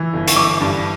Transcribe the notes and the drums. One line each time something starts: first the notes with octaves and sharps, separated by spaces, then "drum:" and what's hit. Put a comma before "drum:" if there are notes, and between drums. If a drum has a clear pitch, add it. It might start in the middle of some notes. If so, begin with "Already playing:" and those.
Already playing: E3
G1
C#6, drum: hi-hat
E3 D6
G2 A5